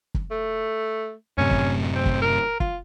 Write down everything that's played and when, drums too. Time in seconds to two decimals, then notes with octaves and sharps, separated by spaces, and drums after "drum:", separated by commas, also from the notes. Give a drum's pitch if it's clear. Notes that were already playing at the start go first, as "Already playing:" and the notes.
0.14 drum: kick
0.31 A3
1.38 F#2 A2 C3 C#4
1.51 drum: kick
1.95 C4
2.06 drum: kick
2.22 A#4
2.60 F4, drum: kick